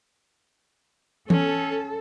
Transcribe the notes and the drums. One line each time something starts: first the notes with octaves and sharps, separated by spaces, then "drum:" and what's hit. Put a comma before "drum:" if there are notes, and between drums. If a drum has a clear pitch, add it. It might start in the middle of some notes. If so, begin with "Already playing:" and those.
C#4 A4, drum: tom E3